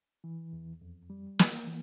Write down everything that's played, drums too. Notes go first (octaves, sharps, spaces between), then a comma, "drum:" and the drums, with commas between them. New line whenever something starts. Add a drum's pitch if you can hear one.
E3
E2
F2
G3
A#3, drum: snare
E3